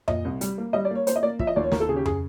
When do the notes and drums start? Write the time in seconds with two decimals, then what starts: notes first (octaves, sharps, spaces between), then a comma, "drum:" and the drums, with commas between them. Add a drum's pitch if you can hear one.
0.08 A#2 D#5, drum: tom F2
0.25 C2
0.41 G3, drum: hi-hat
0.58 A#3
0.73 G3 D#5
0.85 D5
0.91 A#3 C#5
1.07 A#3 C5, drum: hi-hat
1.16 D#5
1.23 A#3 D5
1.39 F3 E5, drum: kick
1.47 D#5
1.56 D#2 D5
1.64 C#5
1.72 D#2 A#4, drum: snare
1.80 A4
1.89 C#3 G#4
1.96 G4
2.05 G#4, drum: tom F2